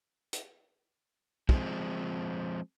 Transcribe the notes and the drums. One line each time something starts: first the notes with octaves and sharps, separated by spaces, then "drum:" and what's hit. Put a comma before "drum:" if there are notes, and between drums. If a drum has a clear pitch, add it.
drum: hi-hat
F3 G#3 B3 C4, drum: kick